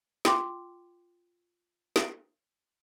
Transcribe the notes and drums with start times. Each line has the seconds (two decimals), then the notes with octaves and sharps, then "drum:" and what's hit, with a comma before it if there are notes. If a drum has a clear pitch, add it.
0.25 F4 G5 C6 D6, drum: snare
1.96 drum: snare